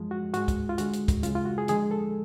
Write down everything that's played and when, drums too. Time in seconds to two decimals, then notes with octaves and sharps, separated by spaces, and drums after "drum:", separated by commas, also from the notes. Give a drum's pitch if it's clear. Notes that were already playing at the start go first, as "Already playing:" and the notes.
Already playing: F#2 F3 G#3
0.11 F#4
0.34 G#2 G#3 F#4, drum: hi-hat
0.48 drum: kick, hi-hat
0.69 F4
0.78 D2 D3 G#3 F#4, drum: hi-hat
0.93 drum: hi-hat
1.08 drum: kick, hi-hat
1.23 F#2 C#3 G#3 F4, drum: hi-hat
1.35 F4
1.45 F#4
1.58 G#4
1.68 D2 D3 F3 G#3 G#4, drum: hi-hat
1.91 A4